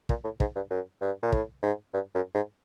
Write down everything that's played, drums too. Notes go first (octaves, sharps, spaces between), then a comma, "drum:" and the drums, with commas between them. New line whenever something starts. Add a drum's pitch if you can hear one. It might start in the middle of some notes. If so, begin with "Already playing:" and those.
A#2, drum: kick
A2
G#2, drum: kick
G2
F#2
G2
A#2
A2, drum: kick
G#2
G2
F#2
G#2